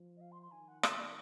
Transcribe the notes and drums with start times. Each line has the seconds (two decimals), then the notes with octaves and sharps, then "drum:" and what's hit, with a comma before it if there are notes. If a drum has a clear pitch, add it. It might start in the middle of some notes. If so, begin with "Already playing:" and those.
Already playing: F3
0.17 D#5
0.21 F5
0.32 C6
0.42 C6
0.52 D#3 G#5
0.68 F#5
0.83 C6, drum: rim click
0.98 C#6